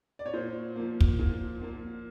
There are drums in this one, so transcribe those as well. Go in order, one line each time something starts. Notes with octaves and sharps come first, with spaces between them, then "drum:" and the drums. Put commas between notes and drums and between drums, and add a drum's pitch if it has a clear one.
D5
C#5
A#2 C5
F3 A#3
drum: kick
A#2
F3 A#3